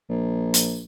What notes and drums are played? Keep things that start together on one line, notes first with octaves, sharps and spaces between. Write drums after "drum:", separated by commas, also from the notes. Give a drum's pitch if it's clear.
A#1
drum: hi-hat